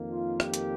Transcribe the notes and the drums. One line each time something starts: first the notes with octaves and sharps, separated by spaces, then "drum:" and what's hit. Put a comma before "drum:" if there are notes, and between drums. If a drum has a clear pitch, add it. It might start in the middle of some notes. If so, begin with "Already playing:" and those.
Already playing: F2 D#3 A#3
F4
G4, drum: rim click
drum: hi-hat